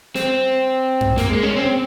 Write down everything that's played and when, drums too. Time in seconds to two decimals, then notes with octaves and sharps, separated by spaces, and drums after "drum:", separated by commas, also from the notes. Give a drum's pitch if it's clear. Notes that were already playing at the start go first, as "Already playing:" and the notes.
0.15 C4, drum: snare
1.01 drum: tom F#2
1.18 A#3, drum: snare
1.30 G#3
1.43 C#4
1.56 C4